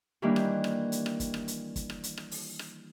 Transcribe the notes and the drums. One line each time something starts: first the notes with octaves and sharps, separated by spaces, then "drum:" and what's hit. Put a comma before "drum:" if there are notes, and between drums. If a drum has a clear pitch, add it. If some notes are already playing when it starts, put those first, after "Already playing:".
D#3 E3 G3 A#3 D4 G4
drum: rim click
drum: rim click
drum: hi-hat
drum: rim click
drum: kick, hi-hat
drum: rim click
drum: hi-hat
drum: kick, hi-hat
drum: rim click
drum: hi-hat
drum: rim click
drum: open hi-hat
drum: rim click